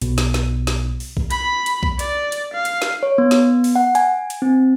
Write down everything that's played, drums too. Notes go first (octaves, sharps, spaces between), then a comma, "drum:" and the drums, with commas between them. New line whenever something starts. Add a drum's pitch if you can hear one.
B1 B2, drum: hi-hat
drum: snare
drum: snare
drum: snare
drum: open hi-hat
drum: kick B1
B5, drum: hi-hat
drum: hi-hat
drum: kick B1
D5, drum: hi-hat
drum: hi-hat
F5
drum: hi-hat
drum: snare
C#5
B3
drum: snare
drum: open hi-hat
F#5
G#5, drum: hi-hat
drum: hi-hat
C4